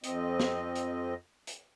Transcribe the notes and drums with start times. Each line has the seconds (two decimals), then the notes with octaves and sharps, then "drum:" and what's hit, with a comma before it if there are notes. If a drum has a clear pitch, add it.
0.04 F2 C4 D#5, drum: hi-hat
0.40 drum: snare
0.75 drum: hi-hat
1.47 drum: hi-hat